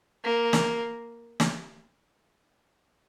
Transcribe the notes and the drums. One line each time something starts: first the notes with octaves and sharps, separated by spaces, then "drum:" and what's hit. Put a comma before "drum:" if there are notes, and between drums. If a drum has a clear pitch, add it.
A#3
drum: snare
drum: snare